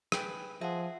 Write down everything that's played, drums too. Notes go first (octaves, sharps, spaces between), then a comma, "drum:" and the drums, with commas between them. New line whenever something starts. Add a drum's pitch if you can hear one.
G#4 B4 G5, drum: rim click
F3 G#4 E5 F#5